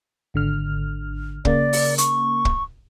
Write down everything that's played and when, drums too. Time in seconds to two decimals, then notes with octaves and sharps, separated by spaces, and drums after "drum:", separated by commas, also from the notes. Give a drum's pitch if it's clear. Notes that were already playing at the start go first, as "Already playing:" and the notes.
0.34 G#1 D3 F6
1.45 C#3 A#3 D5, drum: kick
1.73 drum: open hi-hat
1.98 C#6, drum: hi-hat
2.45 drum: kick